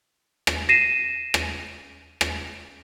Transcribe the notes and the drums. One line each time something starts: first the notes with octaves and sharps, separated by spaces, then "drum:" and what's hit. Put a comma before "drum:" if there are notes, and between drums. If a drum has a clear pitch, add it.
drum: rim click
A#6 C7 D#7 E7
drum: rim click
drum: rim click